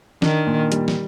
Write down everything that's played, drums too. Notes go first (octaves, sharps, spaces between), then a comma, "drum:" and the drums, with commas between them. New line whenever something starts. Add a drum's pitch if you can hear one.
D#3 D4, drum: snare
A#2
G3, drum: hi-hat
drum: snare